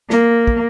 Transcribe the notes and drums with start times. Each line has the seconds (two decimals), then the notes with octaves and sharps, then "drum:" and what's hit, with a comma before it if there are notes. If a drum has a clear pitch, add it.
0.10 A#3, drum: snare
0.47 drum: kick